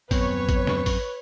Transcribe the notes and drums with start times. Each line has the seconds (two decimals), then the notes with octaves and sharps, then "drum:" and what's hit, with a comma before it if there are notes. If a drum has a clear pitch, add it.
0.11 D#1 F#2 B3 C4 B4 C#5, drum: kick, open hi-hat
0.49 drum: kick, hi-hat
0.67 drum: snare
0.86 drum: kick, open hi-hat